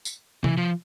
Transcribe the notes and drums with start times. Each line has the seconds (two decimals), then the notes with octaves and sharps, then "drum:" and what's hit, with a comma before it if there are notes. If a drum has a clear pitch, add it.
0.05 drum: tambourine
0.44 E3, drum: tom C3
0.57 F3